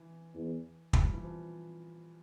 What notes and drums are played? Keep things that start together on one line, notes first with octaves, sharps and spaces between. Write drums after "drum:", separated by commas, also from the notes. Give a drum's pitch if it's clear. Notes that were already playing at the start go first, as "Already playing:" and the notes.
Already playing: E3
E2
G3, drum: kick
F3
E3
F3